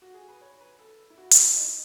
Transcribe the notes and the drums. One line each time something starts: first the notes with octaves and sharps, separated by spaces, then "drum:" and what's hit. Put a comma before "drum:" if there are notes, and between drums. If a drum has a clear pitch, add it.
F#4
G#4
B4
C#5
B4
A4
E4
F#4
F#4, drum: hi-hat
E4
D#4